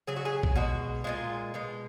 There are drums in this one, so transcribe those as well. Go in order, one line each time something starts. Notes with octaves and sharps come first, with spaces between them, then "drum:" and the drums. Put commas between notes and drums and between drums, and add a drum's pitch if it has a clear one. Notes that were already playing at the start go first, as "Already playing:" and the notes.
C#3 F#3 G#4
F#4
G#4
drum: kick
B2 G#3 F#4
A#2 F3 G#3 F4
B2 G#3